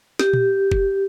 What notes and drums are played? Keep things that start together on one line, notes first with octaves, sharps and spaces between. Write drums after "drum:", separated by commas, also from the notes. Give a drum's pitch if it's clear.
G4, drum: snare
drum: tom A#2
drum: kick